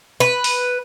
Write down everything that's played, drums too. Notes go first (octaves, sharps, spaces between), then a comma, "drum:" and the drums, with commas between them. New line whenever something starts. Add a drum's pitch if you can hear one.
B4
drum: open hi-hat